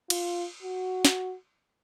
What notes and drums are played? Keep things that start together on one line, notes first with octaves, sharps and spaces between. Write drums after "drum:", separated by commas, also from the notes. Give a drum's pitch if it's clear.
F4, drum: cymbal
F#4
drum: snare